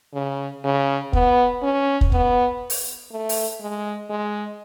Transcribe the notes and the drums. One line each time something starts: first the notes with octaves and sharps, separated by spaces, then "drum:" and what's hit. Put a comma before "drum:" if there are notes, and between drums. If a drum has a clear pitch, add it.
C#3
C#3
B3, drum: kick
C#4
drum: kick
B3, drum: kick
drum: open hi-hat
A3
drum: open hi-hat
G#3
G#3